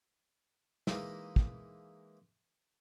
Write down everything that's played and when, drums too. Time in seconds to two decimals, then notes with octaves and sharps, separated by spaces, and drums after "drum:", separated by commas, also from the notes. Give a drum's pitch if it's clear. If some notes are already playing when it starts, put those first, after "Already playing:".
0.87 E3 G#3 A#3 D#4 E4, drum: snare
1.36 drum: kick